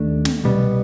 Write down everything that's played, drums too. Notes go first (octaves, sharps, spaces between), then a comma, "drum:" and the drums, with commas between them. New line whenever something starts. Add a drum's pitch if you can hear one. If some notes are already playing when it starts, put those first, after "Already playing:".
Already playing: D#2 A3 D4
drum: snare
C2 B2 G3 B3